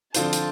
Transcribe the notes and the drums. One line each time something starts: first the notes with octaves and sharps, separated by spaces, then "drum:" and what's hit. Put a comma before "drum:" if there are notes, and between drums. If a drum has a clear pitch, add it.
D3 F3 C4 F4 C5 A5, drum: hi-hat
drum: hi-hat